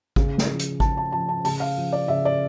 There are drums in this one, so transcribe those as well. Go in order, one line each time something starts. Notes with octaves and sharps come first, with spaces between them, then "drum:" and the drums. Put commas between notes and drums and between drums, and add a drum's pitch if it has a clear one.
C#3, drum: kick G#1
drum: snare
F3
drum: hi-hat
C#3 A5, drum: kick G#1
A5
F3 A5
A5
C#3 A5, drum: open hi-hat
F5
F3
D5
C#3 E5
D5